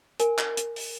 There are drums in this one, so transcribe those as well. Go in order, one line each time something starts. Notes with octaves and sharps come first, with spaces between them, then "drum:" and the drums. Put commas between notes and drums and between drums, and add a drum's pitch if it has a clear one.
A#4 G#5, drum: hi-hat
drum: clap
drum: hi-hat
drum: open hi-hat